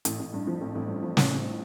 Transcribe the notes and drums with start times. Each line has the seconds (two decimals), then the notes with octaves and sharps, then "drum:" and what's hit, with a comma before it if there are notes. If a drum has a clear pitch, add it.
0.05 A1, drum: hi-hat
0.19 A1
0.33 G2
0.47 F3
0.61 A1
0.75 A1
0.88 G2
1.03 F3
1.17 A1, drum: snare
1.30 A1